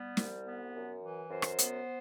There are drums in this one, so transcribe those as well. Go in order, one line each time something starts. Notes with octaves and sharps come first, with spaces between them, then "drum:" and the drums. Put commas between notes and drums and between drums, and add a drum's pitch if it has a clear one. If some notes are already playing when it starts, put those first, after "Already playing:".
Already playing: G3 B3
C2, drum: snare
B3
F#2
E3
F#2 C5
drum: rim click
B3, drum: hi-hat